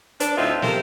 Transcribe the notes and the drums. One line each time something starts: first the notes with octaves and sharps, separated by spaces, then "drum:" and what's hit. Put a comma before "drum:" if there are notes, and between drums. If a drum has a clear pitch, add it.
D4, drum: hi-hat
D2 A2 C4 D#4 F4 E5
C3 A4 A#4 C5, drum: snare